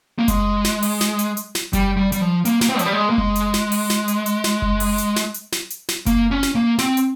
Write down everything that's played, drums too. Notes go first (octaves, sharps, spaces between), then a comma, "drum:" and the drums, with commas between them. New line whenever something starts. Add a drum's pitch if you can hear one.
A#3
G#3, drum: kick F#1, hi-hat
drum: snare
drum: open hi-hat
drum: snare
drum: hi-hat
drum: hi-hat
drum: snare
G3, drum: kick F#1, hi-hat
G3
G3, drum: hi-hat
F3
A#3, drum: hi-hat
A#3, drum: snare
C4
F3, drum: hi-hat
G3
G#3
A#3
G#3, drum: kick F#1
drum: hi-hat
drum: snare
drum: open hi-hat
drum: snare
drum: hi-hat
drum: hi-hat
drum: snare
drum: kick F#1
drum: open hi-hat
drum: hi-hat
drum: snare
drum: hi-hat
drum: snare
drum: hi-hat
drum: snare
A#3, drum: kick F#1, hi-hat
C#4
drum: snare
A#3
C4, drum: snare
drum: hi-hat